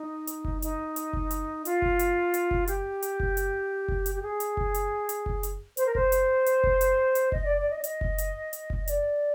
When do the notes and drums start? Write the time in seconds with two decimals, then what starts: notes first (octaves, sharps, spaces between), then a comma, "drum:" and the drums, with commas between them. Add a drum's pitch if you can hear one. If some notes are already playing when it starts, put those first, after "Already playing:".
Already playing: D#4
0.27 drum: hi-hat
0.45 drum: kick F#1
0.62 D#4, drum: hi-hat
0.96 drum: hi-hat
1.13 drum: kick F#1
1.31 drum: hi-hat
1.65 F4, drum: hi-hat
1.82 drum: kick F#1
1.99 drum: hi-hat
2.34 drum: hi-hat
2.51 drum: kick F#1
2.67 G4, drum: hi-hat
3.02 drum: hi-hat
3.20 drum: kick F#1
3.37 drum: hi-hat
3.88 drum: kick F#1
4.06 drum: hi-hat
4.15 G4
4.22 G#4
4.40 drum: hi-hat
4.57 drum: kick F#1
4.74 drum: hi-hat
5.09 drum: hi-hat
5.26 drum: kick F#1
5.43 drum: hi-hat
5.77 C5, drum: hi-hat
5.86 A#4
5.95 C5, drum: kick F#1
6.12 drum: hi-hat
6.46 drum: hi-hat
6.64 drum: kick F#1
6.81 drum: hi-hat
7.15 drum: hi-hat
7.32 D#5, drum: kick F#1
7.45 D5
7.58 D5
7.70 D#5
7.79 D5
7.84 D#5, drum: hi-hat
8.01 drum: kick F#1
8.18 drum: hi-hat
8.53 drum: hi-hat
8.70 drum: kick F#1
8.88 D5, drum: hi-hat